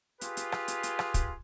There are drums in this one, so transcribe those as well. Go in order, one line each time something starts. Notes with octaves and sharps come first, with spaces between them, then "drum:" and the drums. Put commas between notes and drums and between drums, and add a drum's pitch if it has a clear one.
F4 G4 G#4 B4, drum: hi-hat
drum: hi-hat
drum: rim click
drum: hi-hat
drum: hi-hat
drum: rim click
drum: kick, hi-hat